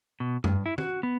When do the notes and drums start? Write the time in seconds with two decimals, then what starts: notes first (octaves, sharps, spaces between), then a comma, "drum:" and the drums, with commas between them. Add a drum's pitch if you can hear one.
0.20 B2
0.44 G2, drum: tom F#2
0.66 E4
0.78 F#4, drum: tom
1.03 B3